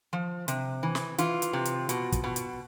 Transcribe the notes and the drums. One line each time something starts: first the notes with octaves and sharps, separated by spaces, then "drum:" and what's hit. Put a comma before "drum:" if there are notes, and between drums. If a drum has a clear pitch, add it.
F3
C3, drum: hi-hat
E3
drum: snare
E3 F4, drum: hi-hat
drum: hi-hat
C3
drum: hi-hat
B2, drum: hi-hat
drum: kick, hi-hat
B2
drum: hi-hat